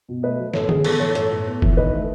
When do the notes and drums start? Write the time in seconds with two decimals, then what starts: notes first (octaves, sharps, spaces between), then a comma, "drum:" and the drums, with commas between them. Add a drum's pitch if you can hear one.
0.09 B2
0.23 A3 B4 D#5
0.39 F#3
0.54 A2 A4 C#5, drum: snare
0.69 A2 G#4, drum: tom
0.84 B3 A4, drum: cymbal
1.00 E3 A4 C#5
1.15 A2 A4 C#5, drum: hi-hat
1.31 A2
1.46 B3
1.62 E3, drum: kick
1.77 D#3 B4 D#5
1.93 A3